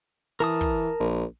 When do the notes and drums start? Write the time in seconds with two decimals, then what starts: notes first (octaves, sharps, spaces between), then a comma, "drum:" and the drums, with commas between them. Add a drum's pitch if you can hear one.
0.40 E3 A#4 A5 D#6
0.61 drum: kick
1.00 A#1